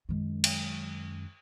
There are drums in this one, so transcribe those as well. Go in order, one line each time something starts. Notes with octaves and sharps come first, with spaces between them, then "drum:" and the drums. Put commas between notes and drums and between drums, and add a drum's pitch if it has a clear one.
F#2 D#3 G#3
drum: cymbal